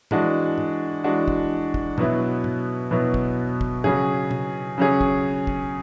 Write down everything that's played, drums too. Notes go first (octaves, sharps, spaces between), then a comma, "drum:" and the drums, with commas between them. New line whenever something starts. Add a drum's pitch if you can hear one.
E3 G#3 D4 F#4, drum: tom
drum: tom G#2
E3 G#3 D4 F#4
drum: kick
drum: kick
B2 F#3 B3 E4, drum: tom G#2
drum: tom G#2
B2 F#3 B3 E4
drum: kick
drum: kick
C#3 F#3 C#4 G#4, drum: tom G#2
drum: tom B2
C#3 F#3 C#4 G#4
drum: kick
drum: kick